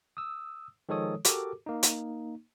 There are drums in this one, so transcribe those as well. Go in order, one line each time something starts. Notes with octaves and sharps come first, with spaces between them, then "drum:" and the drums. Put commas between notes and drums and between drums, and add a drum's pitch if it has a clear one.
D#6 E6
D#3 F3 G#3 A4 C#5 D#6
F#4 G4 A4 A#4 D6, drum: hi-hat
A#3 D#4
drum: hi-hat